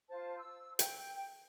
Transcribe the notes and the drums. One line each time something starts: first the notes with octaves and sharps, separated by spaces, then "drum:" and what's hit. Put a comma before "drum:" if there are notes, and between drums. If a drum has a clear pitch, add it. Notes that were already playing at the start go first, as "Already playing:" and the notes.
F4 C5 A5
E6
G5, drum: hi-hat